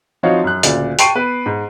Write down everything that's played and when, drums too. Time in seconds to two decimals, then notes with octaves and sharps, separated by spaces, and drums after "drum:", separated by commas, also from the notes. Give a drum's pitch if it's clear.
0.23 F3 C4 D#4 F#4 C#5 F5
0.44 F#2 F#6
0.63 D2 A#2 C#3 D5, drum: hi-hat
0.99 G5 A5 C#6 C7 D7 D#7, drum: hi-hat
1.15 B3 B4
1.46 G#2